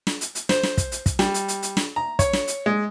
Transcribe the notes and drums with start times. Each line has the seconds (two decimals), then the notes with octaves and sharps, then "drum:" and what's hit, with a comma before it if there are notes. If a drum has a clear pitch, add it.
0.07 drum: snare
0.21 drum: hi-hat
0.35 drum: hi-hat
0.49 C5, drum: snare
0.63 drum: snare
0.78 drum: kick, hi-hat
0.92 drum: hi-hat
1.06 drum: kick, hi-hat
1.19 G3, drum: snare
1.34 drum: hi-hat
1.48 drum: hi-hat
1.63 drum: hi-hat
1.77 drum: snare
1.96 A#5
2.19 C#5, drum: kick, hi-hat
2.33 drum: snare
2.47 drum: hi-hat
2.66 G#3